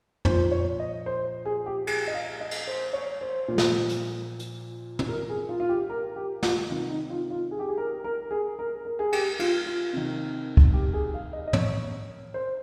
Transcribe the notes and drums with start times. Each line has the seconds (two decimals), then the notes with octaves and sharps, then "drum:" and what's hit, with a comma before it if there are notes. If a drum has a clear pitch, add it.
0.25 A#2 F3 C5, drum: tom
0.51 C#5
0.80 D#5
1.06 C5
1.45 G#4
1.66 G4
1.87 G#4, drum: cymbal
2.07 D#5
2.14 F5
2.41 D#5
2.51 drum: cymbal
2.67 C5
2.93 C#5
3.21 C5
3.48 A#2 F3
3.58 drum: snare
3.89 drum: hi-hat
4.39 drum: hi-hat
4.99 drum: tom
5.09 A#4
5.30 G#4
5.49 F4
5.60 F4
5.69 G4
5.90 A#4
6.16 G4
6.43 F4, drum: snare
6.69 C3 D#3 F4
6.91 D#4
7.10 F4
7.30 F4
7.51 G#4
7.59 G4
7.69 G#4
7.78 A#4
8.04 A#4
8.31 G#4
8.59 A#4
8.85 A#4
8.99 G#4
9.13 G4, drum: cymbal
9.39 F4, drum: cymbal
9.66 F4
9.93 C3 D#3
10.57 drum: kick
10.74 G4
10.93 G#4
11.14 F5
11.33 D#5
11.47 D#5
11.53 C#5, drum: tom
12.34 C5